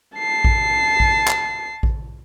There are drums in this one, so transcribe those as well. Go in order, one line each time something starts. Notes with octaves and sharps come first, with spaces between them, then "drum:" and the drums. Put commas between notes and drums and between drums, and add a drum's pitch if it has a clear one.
A5 C7
drum: kick A1
drum: kick A1
drum: clap
drum: kick A1